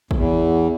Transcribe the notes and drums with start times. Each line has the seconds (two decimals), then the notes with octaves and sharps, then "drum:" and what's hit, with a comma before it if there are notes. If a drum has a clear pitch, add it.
0.11 E2, drum: kick